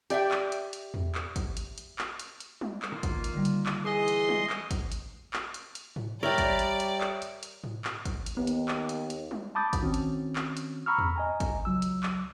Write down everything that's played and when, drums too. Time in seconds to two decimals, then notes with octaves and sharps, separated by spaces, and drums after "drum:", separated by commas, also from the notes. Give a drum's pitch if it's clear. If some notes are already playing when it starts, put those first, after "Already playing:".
0.10 G4 D5 E5 G5, drum: hi-hat
0.31 drum: clap
0.52 drum: hi-hat
0.73 drum: hi-hat
0.94 drum: tom E2
1.15 drum: clap
1.36 drum: kick, hi-hat
1.57 drum: hi-hat
1.78 drum: hi-hat
1.99 drum: clap
2.19 drum: hi-hat
2.40 drum: hi-hat
2.61 drum: tom G3
2.82 drum: clap
2.92 D#3 A#3 F4
3.03 drum: kick, hi-hat
3.24 drum: hi-hat
3.34 D3 G3
3.45 drum: hi-hat
3.66 drum: clap
3.85 E3 G#4 D#5 G#5 C6
4.08 drum: hi-hat
4.29 drum: tom G3
4.50 drum: clap
4.71 drum: kick, hi-hat
4.92 drum: hi-hat
5.33 drum: clap
5.54 drum: hi-hat
5.75 drum: hi-hat
5.96 drum: tom G#2
6.23 G3 A#4 C#5 D5 E5 G5 B5
6.38 drum: kick, hi-hat
6.59 drum: hi-hat
6.80 drum: hi-hat
7.01 drum: clap
7.22 drum: hi-hat
7.43 drum: hi-hat
7.64 drum: tom G#2
7.85 drum: clap
8.05 drum: kick, hi-hat
8.26 drum: hi-hat
8.37 D#2 B3
8.47 drum: hi-hat
8.68 drum: clap
8.89 drum: hi-hat
9.10 drum: hi-hat
9.31 drum: tom G3
9.55 A5 B5 D6 D#6 G6 A6
9.73 drum: kick, hi-hat
9.82 D#3 C4 C#4 F#4
9.94 drum: hi-hat
10.36 drum: clap
10.57 drum: hi-hat
10.86 A#5 B5 C#6 E6 F6
10.98 drum: tom E2
11.16 D#5 G#5 A#5
11.40 drum: kick, hi-hat
11.65 C#2 F#3 E6
11.82 drum: hi-hat
12.03 drum: clap